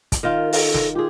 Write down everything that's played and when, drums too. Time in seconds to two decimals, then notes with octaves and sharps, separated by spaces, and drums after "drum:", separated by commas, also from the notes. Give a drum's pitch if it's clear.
0.12 drum: kick, hi-hat
0.23 D#3 F4
0.36 A#4
0.53 A4, drum: open hi-hat
0.74 drum: snare
0.95 F4 G4 G#4